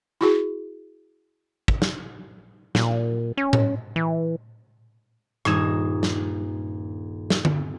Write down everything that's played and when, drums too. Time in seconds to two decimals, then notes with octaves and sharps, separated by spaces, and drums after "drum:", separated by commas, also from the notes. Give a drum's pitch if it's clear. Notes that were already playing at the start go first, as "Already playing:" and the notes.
0.21 E4 F#4 G#4
1.68 drum: kick
1.82 drum: snare
2.75 A#2, drum: snare
3.37 C#4
3.53 drum: tom A2
3.96 E3
5.45 D#1 G2 D#4 D#6 G#6 E7, drum: rim click
6.03 drum: snare
7.30 drum: snare
7.45 drum: tom D3